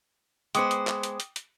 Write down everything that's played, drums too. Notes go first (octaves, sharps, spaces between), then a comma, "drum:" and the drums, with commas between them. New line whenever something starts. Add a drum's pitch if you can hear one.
G#3 B3 C5 G5 D6 D#6, drum: hi-hat
drum: hi-hat
drum: clap
drum: hi-hat
drum: hi-hat
drum: hi-hat